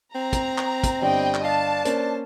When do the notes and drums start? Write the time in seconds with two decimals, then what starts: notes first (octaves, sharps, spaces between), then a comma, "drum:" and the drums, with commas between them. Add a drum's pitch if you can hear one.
0.15 C4 A#5
0.33 drum: kick, hi-hat
0.58 drum: clap
0.84 drum: kick, hi-hat
1.02 G1 G3 D#5 G5
1.34 drum: clap
1.44 D4 F5 A5
1.85 A#3 C#4 C5, drum: hi-hat